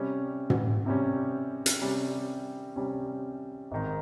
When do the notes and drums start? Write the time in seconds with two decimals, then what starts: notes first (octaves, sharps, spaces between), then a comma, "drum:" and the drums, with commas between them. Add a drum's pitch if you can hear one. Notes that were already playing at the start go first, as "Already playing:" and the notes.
Already playing: C3 G3 C#4
0.50 drum: tom
0.86 C3 G3 C#4
1.66 drum: hi-hat
1.82 C3 G3 C#4
2.76 C3 G3 C#4
3.71 G#1 G#2 D#3